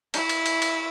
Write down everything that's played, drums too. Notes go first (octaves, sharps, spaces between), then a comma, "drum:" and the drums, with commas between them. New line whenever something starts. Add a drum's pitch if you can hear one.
E4, drum: cymbal
drum: cymbal
drum: cymbal
drum: cymbal